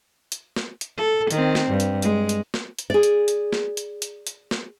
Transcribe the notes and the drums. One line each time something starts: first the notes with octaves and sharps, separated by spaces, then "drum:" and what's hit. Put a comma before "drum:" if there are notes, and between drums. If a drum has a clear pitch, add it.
drum: hi-hat
drum: snare
drum: hi-hat
A4
D#3 C4, drum: hi-hat
drum: snare
G2
drum: hi-hat
G#3, drum: hi-hat
drum: hi-hat
drum: snare
drum: hi-hat
G#4 D5
drum: hi-hat
drum: hi-hat
drum: snare
drum: hi-hat
drum: hi-hat
drum: hi-hat
drum: snare